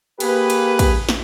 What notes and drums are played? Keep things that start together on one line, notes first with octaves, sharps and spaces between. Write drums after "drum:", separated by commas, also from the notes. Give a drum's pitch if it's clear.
A#3 G4 G#4 B4, drum: cymbal
drum: cymbal
drum: kick, cymbal
drum: snare